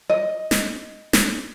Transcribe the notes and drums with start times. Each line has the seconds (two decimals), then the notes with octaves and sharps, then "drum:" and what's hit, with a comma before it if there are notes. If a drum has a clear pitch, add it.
0.09 D#5
0.51 drum: snare
1.13 drum: snare